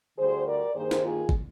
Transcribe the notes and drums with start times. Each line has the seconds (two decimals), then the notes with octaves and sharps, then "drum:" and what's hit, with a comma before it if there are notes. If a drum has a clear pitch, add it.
0.17 D2 D3 G3 G#4 C5
0.46 A#4 D5
0.74 G2 D#3 A#3 G#4 C5
0.91 drum: snare
1.03 F4 G#4
1.29 drum: kick